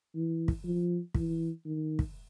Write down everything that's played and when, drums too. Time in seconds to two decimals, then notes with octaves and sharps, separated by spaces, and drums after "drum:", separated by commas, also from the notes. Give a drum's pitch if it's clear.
0.15 E3
0.48 drum: kick
0.64 F3
1.15 E3, drum: kick
1.65 D#3
1.99 drum: kick